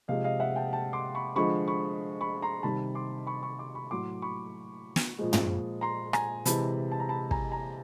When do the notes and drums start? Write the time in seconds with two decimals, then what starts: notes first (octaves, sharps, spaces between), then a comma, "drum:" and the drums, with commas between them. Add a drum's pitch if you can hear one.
0.08 C3 F3 G#3 D#5 F5
0.24 D#5 F5
0.40 E5 F#5
0.56 G5 A5
0.73 G5 A5
0.93 C6 D6
1.15 B5 C#6
1.36 D3 F3 G#3 B5 C#6
1.68 B5 C#6
2.21 B5 C#6
2.42 A#5 C6
2.63 C3 D#3 G3 A5 B5
2.95 C6 D6
3.27 B5 C#6
3.43 B5 C#6
3.59 C6 D6
3.75 B5 C#6
3.91 A2 F#3 C6 D6
4.22 B5 C#6
4.96 drum: snare
5.19 A#2 F3 G#3
5.33 drum: tom
5.81 A#5 C6
6.13 G#5 A#5, drum: rim click
6.46 C3 E3 G#3 A5 B5, drum: hi-hat
6.92 A5
7.00 A#5
7.09 A5 B5
7.31 G#5 A#5, drum: kick
7.51 G#5 A#5